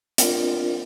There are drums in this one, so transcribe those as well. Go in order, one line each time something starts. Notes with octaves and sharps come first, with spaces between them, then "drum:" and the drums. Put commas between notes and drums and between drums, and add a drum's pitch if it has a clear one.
C4 D4 F4 A#4 D5, drum: hi-hat